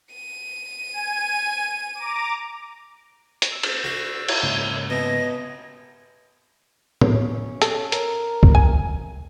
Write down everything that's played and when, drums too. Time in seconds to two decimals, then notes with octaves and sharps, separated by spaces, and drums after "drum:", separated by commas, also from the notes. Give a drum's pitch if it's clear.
0.14 D#7
0.92 G#5
1.95 A#5 D6
3.42 drum: hi-hat
3.52 E6
3.63 drum: cymbal
3.84 F#4
4.28 drum: cymbal
4.43 G#2 C#3 A#3 C#5
4.90 B2 D#5 A#6
7.01 drum: tom
7.13 C#4
7.62 A4, drum: hi-hat
7.92 A#4, drum: hi-hat
8.43 drum: kick
8.55 G#5